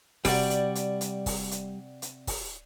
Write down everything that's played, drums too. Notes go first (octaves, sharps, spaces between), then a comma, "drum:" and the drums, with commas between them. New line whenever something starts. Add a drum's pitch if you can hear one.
C3 G3 F#4 D5, drum: kick, open hi-hat
drum: hi-hat
drum: hi-hat
drum: hi-hat
drum: kick, open hi-hat
drum: hi-hat
drum: hi-hat
drum: kick, open hi-hat